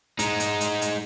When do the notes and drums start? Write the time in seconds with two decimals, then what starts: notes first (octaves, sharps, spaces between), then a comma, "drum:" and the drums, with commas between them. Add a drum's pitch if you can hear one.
0.19 G#3 D#4, drum: hi-hat
0.40 drum: hi-hat
0.61 drum: hi-hat
0.82 drum: hi-hat